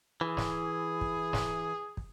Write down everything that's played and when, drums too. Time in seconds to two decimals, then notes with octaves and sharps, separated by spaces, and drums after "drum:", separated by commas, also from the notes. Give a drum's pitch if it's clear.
0.21 E3 G#4
0.37 drum: snare
1.01 drum: kick
1.33 drum: snare
1.97 drum: kick